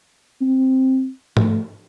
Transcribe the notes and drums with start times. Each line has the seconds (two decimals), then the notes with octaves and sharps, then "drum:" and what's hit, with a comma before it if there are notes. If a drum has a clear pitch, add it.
0.41 C4
1.37 A3, drum: tom G#2